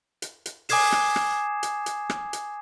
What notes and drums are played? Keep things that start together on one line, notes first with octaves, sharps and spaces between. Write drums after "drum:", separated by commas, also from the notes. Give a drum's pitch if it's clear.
drum: hi-hat
drum: hi-hat
G#5 D6 D#6 G#6 C7 E7, drum: open hi-hat
drum: rim click
drum: rim click
drum: hi-hat
drum: hi-hat
drum: rim click
drum: hi-hat